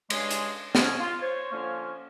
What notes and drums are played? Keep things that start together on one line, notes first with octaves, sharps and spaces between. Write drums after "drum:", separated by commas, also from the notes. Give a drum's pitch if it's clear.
G2 C#3 G#3 G#4 C6, drum: cymbal
drum: hi-hat
F2 G#2 B2 G#3 C#4, drum: snare
F4
C5 C#5
D3 F3 A#3 C#4